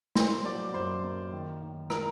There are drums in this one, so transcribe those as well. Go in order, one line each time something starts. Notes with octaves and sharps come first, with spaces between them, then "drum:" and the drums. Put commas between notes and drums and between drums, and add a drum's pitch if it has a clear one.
A#3 C5 C6, drum: snare
F#3 D5 D6
D6
F#2 C5 C6
A#3
D#3
D#3
A#4 A#5, drum: rim click